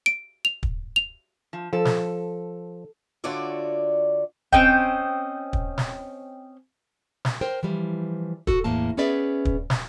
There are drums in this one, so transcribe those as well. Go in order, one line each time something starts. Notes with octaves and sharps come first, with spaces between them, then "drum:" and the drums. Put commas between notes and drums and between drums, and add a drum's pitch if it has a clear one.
D7
F7
drum: kick
F7
F3
F3 A4
drum: snare
D3 F4 F#4 C#5 D5 E5
C4 C#4 D#5 G5, drum: kick
drum: kick
drum: snare
drum: snare
A#4 C5 G5
E3 F3 G3
F#4 A4, drum: kick
E2 A2 A#3 A5
B3 C#4 G#4 B4 D5 E5
drum: kick
drum: snare